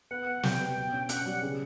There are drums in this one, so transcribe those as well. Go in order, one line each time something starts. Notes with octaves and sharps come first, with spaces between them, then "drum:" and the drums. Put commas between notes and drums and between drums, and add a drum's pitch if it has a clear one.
B3 F#5
B3
G3 G5, drum: snare
B3
B2
C#4
C#4 F#5, drum: hi-hat
G3
C#3